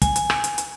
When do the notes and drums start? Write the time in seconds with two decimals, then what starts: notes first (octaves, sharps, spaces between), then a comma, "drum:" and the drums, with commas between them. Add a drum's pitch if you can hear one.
0.02 G#5, drum: kick, hi-hat
0.16 drum: hi-hat
0.30 drum: rim click
0.44 drum: hi-hat
0.58 drum: hi-hat